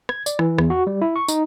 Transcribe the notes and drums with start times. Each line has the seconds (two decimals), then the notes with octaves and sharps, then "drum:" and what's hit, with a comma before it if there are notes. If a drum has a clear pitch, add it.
0.09 G#6, drum: rim click
0.26 D5, drum: tambourine
0.39 E3, drum: rim click
0.58 E2, drum: rim click
0.70 F#4
0.87 G3
1.02 E4
1.16 C#6
1.28 D#4, drum: tambourine